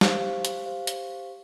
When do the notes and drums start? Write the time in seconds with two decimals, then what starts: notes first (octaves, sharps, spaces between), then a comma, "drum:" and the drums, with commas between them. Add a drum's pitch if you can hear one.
0.01 G4 C5 F5, drum: snare
0.45 drum: hi-hat
0.66 G4 C5 F5
0.87 drum: hi-hat